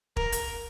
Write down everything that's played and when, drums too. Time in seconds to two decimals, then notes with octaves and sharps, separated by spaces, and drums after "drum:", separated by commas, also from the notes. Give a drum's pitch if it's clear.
0.17 A#4, drum: kick E1
0.32 drum: hi-hat